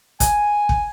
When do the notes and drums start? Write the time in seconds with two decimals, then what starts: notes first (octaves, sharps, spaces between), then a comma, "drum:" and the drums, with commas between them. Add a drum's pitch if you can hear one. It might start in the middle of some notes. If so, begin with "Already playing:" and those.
0.20 G#5, drum: kick, hi-hat
0.69 drum: kick